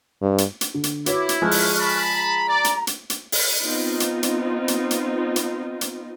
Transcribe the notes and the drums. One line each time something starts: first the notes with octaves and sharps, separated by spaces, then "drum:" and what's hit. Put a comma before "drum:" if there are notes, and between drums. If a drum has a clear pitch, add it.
G2
drum: hi-hat
drum: hi-hat
D3
drum: hi-hat
E4 F#4 B4 C#5 D6, drum: hi-hat
drum: hi-hat
F3 G#3 G#4 C#6 F6 F#6
drum: open hi-hat
A5 B5
A#5
D5
drum: hi-hat
drum: hi-hat
drum: hi-hat
drum: open hi-hat
B3 C4 D#4 F4
drum: hi-hat
drum: hi-hat
drum: hi-hat
drum: hi-hat
drum: hi-hat
drum: hi-hat